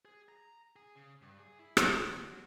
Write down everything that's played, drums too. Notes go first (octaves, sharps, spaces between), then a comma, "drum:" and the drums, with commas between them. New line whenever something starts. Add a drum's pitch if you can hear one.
G#4
A#5
G#4
C#3
G2
G#4
E4
F#3, drum: rim click
D2
F#3